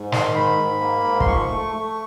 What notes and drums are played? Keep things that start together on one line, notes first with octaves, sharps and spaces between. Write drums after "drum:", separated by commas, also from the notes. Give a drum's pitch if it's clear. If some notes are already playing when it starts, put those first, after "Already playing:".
Already playing: G#2
D#3 C6, drum: snare
G#2 B5
G#2
A#3
G#2
C6, drum: kick
F3 C#6
A3
A3